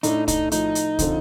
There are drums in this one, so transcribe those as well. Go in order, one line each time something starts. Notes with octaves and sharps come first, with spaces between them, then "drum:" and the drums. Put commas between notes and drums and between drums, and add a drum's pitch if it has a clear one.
A2 A3 D4 D#4, drum: hi-hat
D#4, drum: kick, hi-hat
A2 F3 A3 D#4, drum: hi-hat
drum: hi-hat
D3 F3 C4 F4 A4, drum: kick, hi-hat